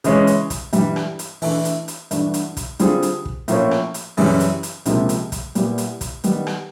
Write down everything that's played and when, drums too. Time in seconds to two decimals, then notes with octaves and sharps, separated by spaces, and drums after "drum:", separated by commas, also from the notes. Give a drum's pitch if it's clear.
0.04 C#3 E3 G#3 C#4, drum: hi-hat
0.27 drum: hi-hat
0.50 drum: kick, hi-hat
0.73 G2 E3 G3, drum: hi-hat
0.96 drum: rim click
1.19 drum: hi-hat
1.42 E3 A3 D4, drum: open hi-hat
1.65 drum: hi-hat
1.88 drum: hi-hat
2.11 G2 E3 A3 D4 F#4, drum: hi-hat
2.34 drum: hi-hat
2.57 drum: kick, hi-hat
2.79 D3 G3 C4 F4 G#4, drum: hi-hat
3.02 drum: hi-hat
3.25 drum: kick
3.48 A2 F3 A#3 C#4, drum: hi-hat
3.71 drum: rim click
3.94 drum: hi-hat
4.17 F#2 C#3 E3 G3, drum: open hi-hat
4.40 drum: hi-hat
4.63 drum: hi-hat
4.86 C#2 C3 F3 A#3, drum: hi-hat
5.09 drum: hi-hat
5.32 drum: kick, hi-hat
5.55 A#2 G3 B3 E4 G4, drum: hi-hat
5.78 drum: hi-hat
6.01 drum: kick, hi-hat
6.24 D#3 G3 B3, drum: hi-hat
6.47 drum: rim click